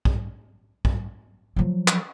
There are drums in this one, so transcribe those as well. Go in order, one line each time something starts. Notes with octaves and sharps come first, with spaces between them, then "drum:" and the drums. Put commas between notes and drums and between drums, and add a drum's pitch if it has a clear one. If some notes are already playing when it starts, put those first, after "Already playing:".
drum: kick
drum: kick
F3 F#3
drum: clap